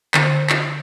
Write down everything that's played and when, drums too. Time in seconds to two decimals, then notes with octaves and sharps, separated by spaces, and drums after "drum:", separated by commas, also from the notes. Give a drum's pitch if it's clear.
0.14 D3, drum: clap
0.50 drum: clap